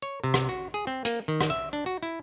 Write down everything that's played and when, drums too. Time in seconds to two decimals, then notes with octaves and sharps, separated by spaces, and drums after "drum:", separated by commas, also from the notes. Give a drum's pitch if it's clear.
0.02 C#5
0.24 C3
0.34 drum: rim click
0.49 F#4
0.74 G#4
0.87 C4
1.05 A#3, drum: hi-hat
1.28 D#3
1.41 drum: rim click
1.50 E5
1.73 D4
1.86 F#4
2.03 E4